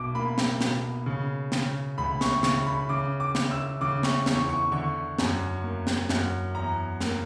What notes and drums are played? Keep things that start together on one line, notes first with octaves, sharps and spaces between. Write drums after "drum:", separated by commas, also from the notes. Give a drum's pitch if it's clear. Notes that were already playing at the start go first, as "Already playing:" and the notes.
Already playing: B1 B2 D6
A#3 B5
drum: snare
B2, drum: snare
C#3
C#3, drum: snare
C#2 B5
C#6, drum: snare
C#3 C#6, drum: snare
B5
C#3 D6
D6
C#3, drum: snare
E6
C#3 D6
C#6, drum: snare
E2 C#6, drum: snare
C#6
D3 C#6
F#2, drum: snare
A#3
drum: snare
F#2, drum: snare
E2 A#5
A#3, drum: snare